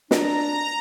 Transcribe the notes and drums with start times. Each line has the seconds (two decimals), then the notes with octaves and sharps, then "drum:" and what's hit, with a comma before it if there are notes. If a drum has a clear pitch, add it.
0.11 D4 A#5, drum: snare